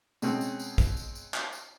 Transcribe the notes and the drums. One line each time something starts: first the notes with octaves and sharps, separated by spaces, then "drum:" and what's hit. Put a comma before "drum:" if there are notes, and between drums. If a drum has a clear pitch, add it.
B2 G#3 C4 C#4, drum: tambourine
drum: tambourine
drum: tambourine
drum: kick, tambourine
drum: tambourine
drum: tambourine
drum: clap
drum: tambourine